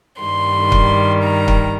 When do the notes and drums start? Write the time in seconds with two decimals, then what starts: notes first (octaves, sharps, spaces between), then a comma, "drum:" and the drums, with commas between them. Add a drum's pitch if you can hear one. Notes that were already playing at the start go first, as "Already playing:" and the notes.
0.21 G2 D#3 G3 C6
0.72 drum: kick
1.22 A#5
1.48 drum: kick